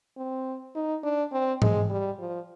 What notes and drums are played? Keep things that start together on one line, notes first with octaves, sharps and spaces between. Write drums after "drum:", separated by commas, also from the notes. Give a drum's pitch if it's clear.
C4
D#4
D4
C4
G#3, drum: tom
G3
F3